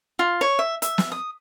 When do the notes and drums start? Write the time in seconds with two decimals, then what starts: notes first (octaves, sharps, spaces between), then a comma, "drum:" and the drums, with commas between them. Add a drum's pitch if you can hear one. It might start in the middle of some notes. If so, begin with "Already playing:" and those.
0.19 F4
0.41 C#5
0.59 E5
0.82 E5, drum: hi-hat
0.98 drum: snare
1.12 D#6